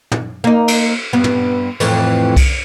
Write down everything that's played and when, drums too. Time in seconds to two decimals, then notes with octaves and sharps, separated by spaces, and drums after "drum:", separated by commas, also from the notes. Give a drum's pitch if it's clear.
0.12 drum: tom
0.44 A#3 D#4
0.68 drum: cymbal
1.13 G2 B3
1.24 drum: tom
1.80 F2 A2 E3, drum: cymbal
2.36 drum: kick C2, cymbal